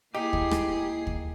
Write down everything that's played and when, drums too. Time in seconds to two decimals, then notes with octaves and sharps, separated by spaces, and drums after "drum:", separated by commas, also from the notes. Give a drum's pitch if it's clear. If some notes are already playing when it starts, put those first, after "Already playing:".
0.15 A#3 D#4 E4 G4 G#4 C7
0.33 drum: kick
0.51 drum: rim click
1.07 drum: kick